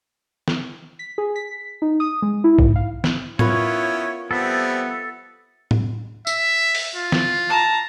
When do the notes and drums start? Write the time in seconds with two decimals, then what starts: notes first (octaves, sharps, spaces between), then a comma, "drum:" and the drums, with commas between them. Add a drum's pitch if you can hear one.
0.48 drum: snare
0.99 B6
1.18 G#4
1.36 B6
1.82 D#4
2.00 D#6
2.22 G#3
2.44 E4
2.59 G#2, drum: kick
2.76 F5
3.04 drum: snare
3.39 B3 C#4 E4 F4 A#4 B4 C#5, drum: tom A2
4.31 F3 G3 B3 C4 A4 E5
5.71 drum: tom A2
6.27 E5, drum: tambourine
6.75 drum: open hi-hat
6.96 F4
7.12 drum: snare
7.49 A5 A#5